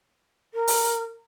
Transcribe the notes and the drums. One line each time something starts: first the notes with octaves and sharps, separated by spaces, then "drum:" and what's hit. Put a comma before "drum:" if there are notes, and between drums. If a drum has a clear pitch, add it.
A#4
drum: open hi-hat